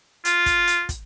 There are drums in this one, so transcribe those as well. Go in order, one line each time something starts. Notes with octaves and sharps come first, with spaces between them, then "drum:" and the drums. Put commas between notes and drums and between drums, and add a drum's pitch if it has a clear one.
F4, drum: hi-hat
drum: kick, hi-hat
drum: hi-hat
drum: kick, hi-hat